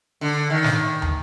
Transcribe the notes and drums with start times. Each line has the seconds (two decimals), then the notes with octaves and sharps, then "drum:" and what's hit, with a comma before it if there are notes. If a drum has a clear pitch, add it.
0.21 D3
0.50 D#3
0.64 drum: snare
1.02 drum: tom